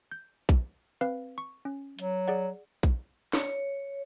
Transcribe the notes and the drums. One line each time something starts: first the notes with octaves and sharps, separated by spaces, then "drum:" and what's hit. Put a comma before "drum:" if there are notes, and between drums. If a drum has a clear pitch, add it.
G6
drum: kick A#1
C4 B4 F5
C#6
C#4
F#3, drum: hi-hat
G#4 D5 F#5
drum: kick A#1
C#5, drum: snare